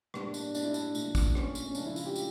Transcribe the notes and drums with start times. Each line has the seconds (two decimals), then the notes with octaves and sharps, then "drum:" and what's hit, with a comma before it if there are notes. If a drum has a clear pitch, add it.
0.14 A2 G3 A#3 D4, drum: rim click
0.34 D4, drum: tambourine
0.55 D4, drum: tambourine
0.64 E4
0.74 D4, drum: tambourine
0.95 A#2 F3 A3, drum: tambourine
1.15 drum: kick, tambourine
1.35 C#4, drum: rim click
1.55 drum: tambourine
1.65 C#4
1.75 C#3 F3 A3 D4, drum: tambourine
1.86 E4
1.96 F4, drum: tambourine
2.06 G4
2.16 drum: tambourine